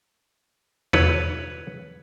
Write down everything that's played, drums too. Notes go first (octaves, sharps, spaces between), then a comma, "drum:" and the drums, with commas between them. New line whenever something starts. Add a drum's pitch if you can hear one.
B4 C#5, drum: tom E2